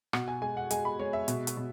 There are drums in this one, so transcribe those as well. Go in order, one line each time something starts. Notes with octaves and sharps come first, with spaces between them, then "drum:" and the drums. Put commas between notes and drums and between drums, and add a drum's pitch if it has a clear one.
B2 F#5, drum: rim click
G#5
G#3 G#5
F#5
G#3 G#5, drum: hi-hat
B5
G#3 C#5
E5
B2, drum: hi-hat
drum: hi-hat
B2